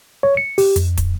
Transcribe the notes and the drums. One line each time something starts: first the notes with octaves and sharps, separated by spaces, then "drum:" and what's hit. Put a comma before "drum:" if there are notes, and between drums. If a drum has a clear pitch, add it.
C#5
C#7
G4, drum: open hi-hat
F2, drum: hi-hat
drum: kick, hi-hat